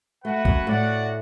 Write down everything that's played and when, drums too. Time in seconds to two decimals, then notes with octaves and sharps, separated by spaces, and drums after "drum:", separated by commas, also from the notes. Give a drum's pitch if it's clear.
0.24 A3 F#4 B4 F#5
0.45 F#2, drum: kick F1
0.66 A2 F#4 D5 F#5